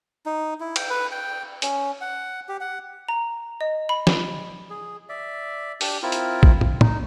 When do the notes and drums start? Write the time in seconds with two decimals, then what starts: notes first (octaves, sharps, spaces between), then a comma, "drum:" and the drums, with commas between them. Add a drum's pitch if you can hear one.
0.26 D#4
0.60 E4
0.76 G5, drum: cymbal
0.90 B4
1.11 G5
1.62 C#4, drum: hi-hat
2.01 F#5
2.49 G4
2.61 F#5
3.09 A#5
3.61 D#5
3.89 B5
4.07 drum: snare
4.70 G#4
5.09 D5 E5
5.81 D4 G4, drum: open hi-hat
6.03 C4 E4 F4 A#4
6.12 drum: hi-hat
6.43 drum: kick
6.61 drum: tom
6.81 D#4, drum: tom